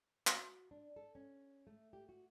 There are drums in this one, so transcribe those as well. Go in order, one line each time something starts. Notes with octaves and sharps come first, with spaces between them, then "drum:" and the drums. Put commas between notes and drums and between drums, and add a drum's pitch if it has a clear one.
F#4, drum: clap
D4
A4
C#4
A3
G4
F#4